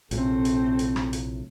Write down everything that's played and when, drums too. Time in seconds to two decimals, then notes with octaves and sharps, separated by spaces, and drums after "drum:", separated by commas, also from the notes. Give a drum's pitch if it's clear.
0.11 A#1 A2 C3 A3 C4, drum: hi-hat
0.45 drum: hi-hat
0.79 drum: hi-hat
0.96 drum: rim click
1.13 drum: hi-hat